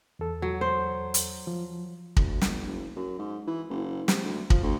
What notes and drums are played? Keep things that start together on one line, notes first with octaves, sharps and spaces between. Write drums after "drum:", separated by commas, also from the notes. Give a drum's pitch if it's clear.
E2 A4
F#3
C5
drum: hi-hat
F3
D2, drum: kick
G1, drum: snare
F#1
F#2
G#2
E3
F#1
C3, drum: snare
D2
F3, drum: kick
D2